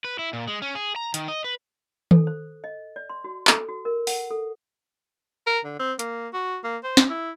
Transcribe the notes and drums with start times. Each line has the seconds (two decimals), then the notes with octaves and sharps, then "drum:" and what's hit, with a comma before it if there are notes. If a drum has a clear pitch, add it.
0.04 B4
0.19 E4
0.33 A#2
0.48 G#3
0.62 C#4
0.75 G#4
0.96 A#5
1.14 D#3, drum: hi-hat
1.28 D#5
1.44 B4
2.11 A4, drum: tom D#3
2.27 C5
2.64 D#5
2.96 D5
3.09 C6
3.24 F#4
3.47 A4, drum: clap
3.69 F#4
3.85 A#4
4.07 F#5, drum: open hi-hat
4.31 A4
5.47 A#4
5.65 D3
5.80 C4
5.99 A#3, drum: hi-hat
6.33 F#4
6.64 A#3
6.84 C5
6.97 drum: snare
7.10 E4